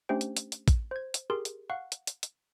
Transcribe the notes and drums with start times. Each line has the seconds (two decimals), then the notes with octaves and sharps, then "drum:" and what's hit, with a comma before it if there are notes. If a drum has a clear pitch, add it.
0.09 A3 C#4 D4 G4 C5 G5
0.21 drum: hi-hat
0.37 drum: hi-hat
0.52 drum: hi-hat
0.68 drum: kick, hi-hat
0.91 C5 G#6
1.14 drum: hi-hat
1.30 G4 G#4 A#4 C6
1.45 drum: hi-hat
1.70 F5 F#5 C#6 F#6
1.92 drum: hi-hat
2.07 drum: hi-hat
2.23 drum: hi-hat